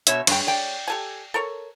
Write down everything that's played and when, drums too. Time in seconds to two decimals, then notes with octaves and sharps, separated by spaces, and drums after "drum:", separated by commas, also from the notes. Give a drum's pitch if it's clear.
0.07 B2 C#5 E5, drum: hi-hat
0.27 G2 G#3 C#5 G5, drum: cymbal
0.47 D5 G5
0.88 G4 A4 G#5
1.34 A4 A#4 C#5